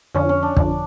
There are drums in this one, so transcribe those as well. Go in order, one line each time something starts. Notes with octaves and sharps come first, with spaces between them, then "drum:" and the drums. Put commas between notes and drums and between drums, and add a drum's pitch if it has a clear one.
F2 D3 F3 C#4
C#4
D4
F2 D3 F3, drum: kick